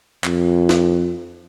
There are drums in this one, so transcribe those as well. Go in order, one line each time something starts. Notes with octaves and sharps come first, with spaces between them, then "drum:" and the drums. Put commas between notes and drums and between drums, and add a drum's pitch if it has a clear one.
F2, drum: clap
drum: snare